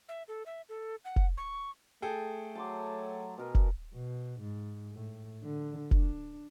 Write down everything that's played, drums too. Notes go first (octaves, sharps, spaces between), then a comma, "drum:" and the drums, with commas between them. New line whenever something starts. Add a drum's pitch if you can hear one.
E5
A4
E5
A4
F#5
drum: kick F1
C#6
A3 G#4 A4 G5
F#3 A5 C6 D6
B2 A#4 G#5
drum: kick F1
B2
G#2
A2
D3
D4, drum: kick F1